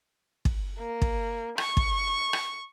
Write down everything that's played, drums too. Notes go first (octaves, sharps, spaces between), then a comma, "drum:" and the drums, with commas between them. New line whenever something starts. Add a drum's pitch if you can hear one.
drum: kick
A#3
drum: kick
C#6, drum: rim click
drum: kick
drum: rim click